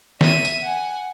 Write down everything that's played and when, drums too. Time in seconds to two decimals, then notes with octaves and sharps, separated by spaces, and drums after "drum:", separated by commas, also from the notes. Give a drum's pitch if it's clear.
0.21 E5 D#7, drum: snare
0.45 drum: tambourine
0.63 F#5 G#5